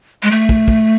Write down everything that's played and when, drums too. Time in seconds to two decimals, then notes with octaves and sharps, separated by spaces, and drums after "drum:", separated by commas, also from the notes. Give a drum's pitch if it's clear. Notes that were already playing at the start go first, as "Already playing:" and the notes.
0.23 G#3
0.31 A3
0.49 drum: kick
0.68 drum: kick